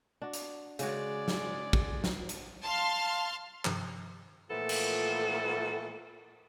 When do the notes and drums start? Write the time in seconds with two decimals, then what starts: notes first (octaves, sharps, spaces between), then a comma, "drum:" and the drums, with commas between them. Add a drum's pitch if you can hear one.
0.22 D4 F#4
0.34 drum: hi-hat
0.79 C#3 G#3 F#4 D5, drum: hi-hat
1.28 drum: snare
1.73 drum: kick
2.04 drum: snare
2.29 drum: hi-hat
2.65 F5 A5 C6 F6
3.65 G2 C3 D#3 F3, drum: clap
4.50 A#2 E3 F3 A3 B3 A4
4.69 drum: cymbal